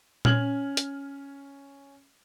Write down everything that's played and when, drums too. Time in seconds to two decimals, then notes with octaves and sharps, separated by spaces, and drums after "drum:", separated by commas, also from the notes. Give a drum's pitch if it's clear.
0.25 C#4 F6 G#6 F#7, drum: tom A#2
0.77 drum: hi-hat